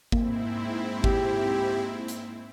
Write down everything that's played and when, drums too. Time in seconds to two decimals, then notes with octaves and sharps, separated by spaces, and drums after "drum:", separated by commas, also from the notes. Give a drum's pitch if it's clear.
0.12 G#2 A#3 C4 E4, drum: kick G#1
1.04 G4, drum: kick G#1
2.08 drum: hi-hat